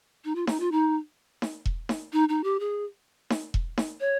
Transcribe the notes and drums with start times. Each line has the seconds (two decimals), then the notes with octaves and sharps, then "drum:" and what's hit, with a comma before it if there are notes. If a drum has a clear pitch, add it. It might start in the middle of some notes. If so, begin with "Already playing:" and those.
0.25 D#4
0.35 F4
0.47 D#4, drum: snare D#4
0.60 F4
0.72 D#4
1.42 drum: snare D#4
1.66 drum: kick E1
1.89 drum: snare D#4
2.13 D#4
2.29 D#4
2.44 G4
2.60 G#4
3.30 drum: snare D#4
3.54 drum: kick E1
3.78 drum: snare D#4
4.00 C#5